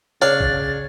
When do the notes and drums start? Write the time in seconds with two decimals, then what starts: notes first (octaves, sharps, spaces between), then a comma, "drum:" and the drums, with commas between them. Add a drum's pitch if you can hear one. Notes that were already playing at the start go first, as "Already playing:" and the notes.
0.22 C#3 D4 C#5 F5 A6
0.41 drum: kick A#1